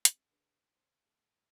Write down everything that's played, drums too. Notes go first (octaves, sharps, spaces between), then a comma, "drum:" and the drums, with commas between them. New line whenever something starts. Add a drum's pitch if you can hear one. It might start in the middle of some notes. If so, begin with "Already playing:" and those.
C4, drum: hi-hat
C#3 C#4 D4 B4
C5
C5
D2 A2 A4